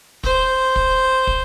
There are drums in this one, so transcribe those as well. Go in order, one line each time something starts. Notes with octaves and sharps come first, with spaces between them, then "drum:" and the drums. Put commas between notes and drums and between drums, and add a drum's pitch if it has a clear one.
C5, drum: kick
drum: kick
drum: kick